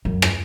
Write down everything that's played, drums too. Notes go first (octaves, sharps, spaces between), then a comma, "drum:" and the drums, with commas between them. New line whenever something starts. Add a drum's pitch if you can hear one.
F#2
drum: rim click